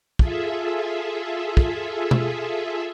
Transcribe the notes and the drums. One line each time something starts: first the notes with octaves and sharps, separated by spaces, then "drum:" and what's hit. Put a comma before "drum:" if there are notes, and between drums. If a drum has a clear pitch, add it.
F4 G#4 A4 E5, drum: kick
drum: kick
drum: tom B2